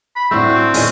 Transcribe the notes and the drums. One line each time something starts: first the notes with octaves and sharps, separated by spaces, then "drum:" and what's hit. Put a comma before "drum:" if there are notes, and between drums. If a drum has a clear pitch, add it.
B5
A2 D3 A3 C4
F#4 F#5
A#2 D#3 C#4, drum: open hi-hat